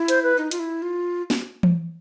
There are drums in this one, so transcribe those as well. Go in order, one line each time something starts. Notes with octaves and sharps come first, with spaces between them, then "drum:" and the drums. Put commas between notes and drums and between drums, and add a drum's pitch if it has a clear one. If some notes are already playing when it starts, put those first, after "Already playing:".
Already playing: E4
C5, drum: hi-hat
B4
D#4
F4, drum: hi-hat
E4
F4
drum: snare
drum: tom E3